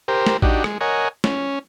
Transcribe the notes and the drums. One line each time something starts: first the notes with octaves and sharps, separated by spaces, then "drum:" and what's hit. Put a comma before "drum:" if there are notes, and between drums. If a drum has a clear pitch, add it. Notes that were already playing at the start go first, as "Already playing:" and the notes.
G4 A#4 C5
drum: snare
D4 D#4 F#4 G4, drum: kick A1
G#3, drum: rim click
A#4 C#5 D#5 F#5 G#5
C#4, drum: snare